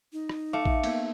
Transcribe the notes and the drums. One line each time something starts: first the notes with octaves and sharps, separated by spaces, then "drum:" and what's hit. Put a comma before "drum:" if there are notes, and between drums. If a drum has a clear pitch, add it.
D#4
drum: rim click
A3 F5 D6 C#7
drum: kick A1
A#3 B3, drum: cymbal